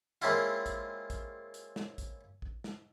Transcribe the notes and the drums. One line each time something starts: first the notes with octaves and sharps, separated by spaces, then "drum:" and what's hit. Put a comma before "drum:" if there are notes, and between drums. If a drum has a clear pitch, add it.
G#3 A#3 C4 C#4 E4 F4, drum: hi-hat
drum: kick, hi-hat
drum: kick, hi-hat
drum: hi-hat
drum: snare
drum: kick, hi-hat
drum: kick
drum: snare